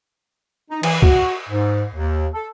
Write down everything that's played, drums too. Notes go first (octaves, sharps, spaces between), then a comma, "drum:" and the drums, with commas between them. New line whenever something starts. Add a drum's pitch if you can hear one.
D#4
E3, drum: cymbal
F#4, drum: kick
G#2
D#2
A4